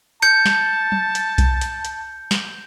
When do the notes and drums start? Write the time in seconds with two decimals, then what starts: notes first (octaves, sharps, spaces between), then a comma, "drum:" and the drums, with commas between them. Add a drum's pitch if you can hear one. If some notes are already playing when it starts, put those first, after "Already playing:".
0.22 A5 G6 C#7, drum: hi-hat
0.46 drum: snare
0.92 drum: tom F#3
1.15 drum: hi-hat
1.38 drum: kick B1, hi-hat
1.61 drum: hi-hat
1.85 drum: hi-hat
2.31 drum: snare